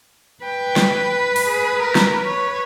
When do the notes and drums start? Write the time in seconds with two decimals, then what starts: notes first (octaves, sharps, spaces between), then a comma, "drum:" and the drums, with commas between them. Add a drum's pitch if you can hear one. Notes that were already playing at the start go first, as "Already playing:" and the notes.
0.44 B4 G5
0.76 drum: snare
1.36 drum: open hi-hat
1.46 G#4
1.79 A#4
1.95 drum: snare
2.25 C#5